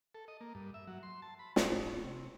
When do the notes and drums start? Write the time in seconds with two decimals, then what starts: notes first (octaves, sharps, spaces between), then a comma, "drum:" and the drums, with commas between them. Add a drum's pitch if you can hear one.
0.15 A4
0.28 D#5
0.41 A#3
0.55 G2
0.74 E5
0.87 F#3
1.03 C6
1.22 A5
1.39 B5
1.56 G#2, drum: snare
1.83 C#5
2.04 C3